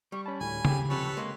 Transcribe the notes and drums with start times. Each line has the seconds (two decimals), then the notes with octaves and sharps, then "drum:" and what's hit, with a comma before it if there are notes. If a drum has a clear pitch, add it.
0.12 G3 C#6
0.26 C#4 A5 B5
0.41 D2 A2 G#5
0.65 C#3 G4, drum: tom C#3
0.90 C3 F3 A4 B4 C#5
1.17 G#3 A#3 C6